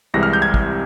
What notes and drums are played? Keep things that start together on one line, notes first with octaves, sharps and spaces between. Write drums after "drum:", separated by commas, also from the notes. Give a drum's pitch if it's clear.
C2 C3 E3 G#3 A#6
F6
G6
G#6
drum: kick